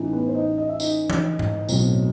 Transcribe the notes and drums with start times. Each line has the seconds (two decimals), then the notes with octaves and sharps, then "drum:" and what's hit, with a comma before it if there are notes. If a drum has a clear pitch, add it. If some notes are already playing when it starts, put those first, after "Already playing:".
Already playing: A1 A2 E3 D#4
0.13 B3 B4
0.27 C5
0.35 D#4 D#5
0.58 D#5
0.69 E5
0.80 D#4 D#5, drum: tambourine
1.10 drum: tom
1.39 drum: tom G#2
1.69 B1 A2 F#3 C4, drum: tambourine